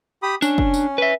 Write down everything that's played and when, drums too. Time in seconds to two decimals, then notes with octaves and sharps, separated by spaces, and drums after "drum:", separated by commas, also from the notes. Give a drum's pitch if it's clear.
0.23 G4 B5 D#6
0.42 C#4 D4, drum: tambourine
0.58 drum: kick
0.74 drum: tambourine
0.98 B4 E5